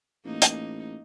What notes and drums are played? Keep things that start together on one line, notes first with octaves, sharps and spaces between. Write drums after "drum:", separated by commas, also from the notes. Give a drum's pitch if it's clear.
A1 A#3 D#4
drum: hi-hat